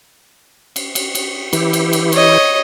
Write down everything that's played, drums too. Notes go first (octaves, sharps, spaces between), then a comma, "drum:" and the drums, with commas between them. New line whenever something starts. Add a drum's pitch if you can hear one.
drum: cymbal
drum: cymbal
drum: cymbal
E3 E4 G4, drum: cymbal
drum: cymbal
drum: cymbal
C#5 D#5, drum: cymbal